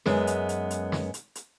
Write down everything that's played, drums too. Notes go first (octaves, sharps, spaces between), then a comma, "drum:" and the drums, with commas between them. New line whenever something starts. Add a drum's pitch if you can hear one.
F#2 G#3 B3, drum: snare
drum: hi-hat
drum: hi-hat
drum: hi-hat
drum: snare
drum: hi-hat
drum: hi-hat